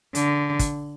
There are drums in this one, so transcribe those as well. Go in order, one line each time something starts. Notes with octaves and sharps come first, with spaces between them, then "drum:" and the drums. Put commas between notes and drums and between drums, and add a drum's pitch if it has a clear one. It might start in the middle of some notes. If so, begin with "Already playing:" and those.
D3, drum: hi-hat
drum: kick, hi-hat